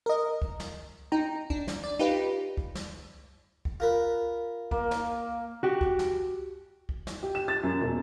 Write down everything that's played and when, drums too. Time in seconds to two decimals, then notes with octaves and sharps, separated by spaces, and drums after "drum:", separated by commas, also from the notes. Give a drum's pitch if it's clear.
0.06 A#4 D#5
0.42 drum: kick C#2
0.60 drum: snare
1.12 D#4 G5 A#5
1.50 D4, drum: kick C#2
1.68 drum: snare
1.84 D5
1.99 D#4 F4 G4 B4
2.57 drum: kick C#2
2.75 drum: snare
3.65 drum: kick C#2
3.80 F4 A#4 B4
4.71 A#3, drum: kick C#2
4.91 drum: snare
5.63 F#4 G4
5.81 drum: kick C#2
5.99 drum: snare
6.89 drum: kick C#2
7.07 drum: snare
7.23 G4
7.35 E7
7.48 A6
7.63 F#2
7.81 E1